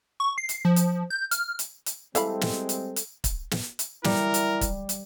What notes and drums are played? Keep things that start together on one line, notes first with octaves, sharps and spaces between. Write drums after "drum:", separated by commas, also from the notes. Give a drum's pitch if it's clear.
C#6
C7
drum: hi-hat
F3
drum: hi-hat
G6
F6, drum: hi-hat
drum: hi-hat
drum: hi-hat
E3 G3 G#3 C4 A4 F5 B5, drum: hi-hat
drum: snare
drum: hi-hat
drum: hi-hat
drum: kick, hi-hat
drum: snare
drum: hi-hat
G3 E4 A#4, drum: snare
drum: hi-hat
drum: kick, hi-hat
drum: hi-hat